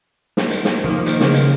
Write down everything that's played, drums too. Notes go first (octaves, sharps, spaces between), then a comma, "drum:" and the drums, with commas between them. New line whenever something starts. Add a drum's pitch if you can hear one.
drum: snare
drum: hi-hat
drum: snare
D#3 F3 A#3
drum: hi-hat
C#3, drum: snare
drum: hi-hat